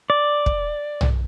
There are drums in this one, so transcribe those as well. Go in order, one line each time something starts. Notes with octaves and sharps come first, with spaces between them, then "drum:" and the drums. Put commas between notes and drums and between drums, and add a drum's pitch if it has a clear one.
D5
drum: kick
drum: tom B1